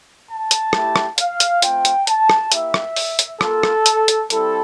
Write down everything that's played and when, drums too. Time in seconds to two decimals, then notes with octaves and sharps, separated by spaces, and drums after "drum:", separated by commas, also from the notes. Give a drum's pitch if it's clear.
0.29 A5
0.51 drum: hi-hat
0.73 A3 E4 G4, drum: rim click
0.96 drum: rim click
1.18 F5, drum: hi-hat
1.40 drum: hi-hat
1.62 A3 C4 F4 G5, drum: hi-hat
1.85 drum: hi-hat
2.07 A5, drum: hi-hat
2.30 drum: rim click
2.52 A#3 E4 G4 E5, drum: hi-hat
2.74 drum: rim click
2.96 drum: open hi-hat
3.19 drum: hi-hat
3.41 A#3 F4 A4, drum: rim click
3.63 drum: rim click
3.86 drum: hi-hat
4.08 drum: hi-hat
4.30 G3 C4 E4 A4, drum: hi-hat